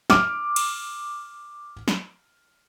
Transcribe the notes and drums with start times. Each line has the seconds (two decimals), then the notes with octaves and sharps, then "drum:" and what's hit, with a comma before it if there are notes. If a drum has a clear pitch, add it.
0.10 D6 F6, drum: snare
0.56 drum: cymbal
1.88 drum: snare